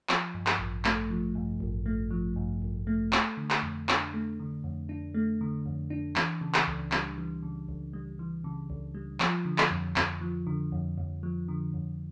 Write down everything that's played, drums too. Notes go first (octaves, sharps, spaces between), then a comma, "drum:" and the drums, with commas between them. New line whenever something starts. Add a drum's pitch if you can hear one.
F3, drum: clap
G2
drum: clap
A1
A3, drum: clap
F3
G2
A1
A3
F3
G2
A1
A3
A3, drum: clap
D3
drum: clap
F2
D4, drum: clap
A3
D3
F2
D4
A3
D3
F2
D4
E3, drum: clap
C#3
drum: clap
C#2
G3, drum: clap
E3
C#3
C#2
G3
E3
C#3
C#2
G3
F3, drum: clap
D3
drum: clap
F2
F2, drum: clap
F3
D3
F2
F2
F3
D3
F2